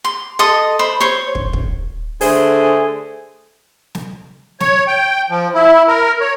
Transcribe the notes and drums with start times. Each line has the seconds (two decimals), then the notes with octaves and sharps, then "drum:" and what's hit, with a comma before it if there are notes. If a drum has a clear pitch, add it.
0.05 C6
0.39 A4 D#5 C6 D#6
0.79 C5 B5
1.01 C5 C#5
1.35 drum: kick
1.53 drum: kick
2.21 D3 A3 G#4 C5, drum: open hi-hat
3.95 drum: snare
4.60 C#5, drum: snare
4.88 G5
5.30 F3
5.55 E4
5.88 A#4
6.21 C#5